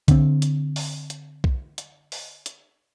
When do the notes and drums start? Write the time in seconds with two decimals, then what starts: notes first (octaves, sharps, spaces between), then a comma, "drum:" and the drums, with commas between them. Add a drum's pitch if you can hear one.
0.08 D3 C4, drum: kick B1, hi-hat
0.42 drum: hi-hat
0.76 drum: open hi-hat
1.10 drum: hi-hat
1.44 drum: kick B1
1.78 drum: hi-hat
2.12 drum: open hi-hat
2.46 drum: hi-hat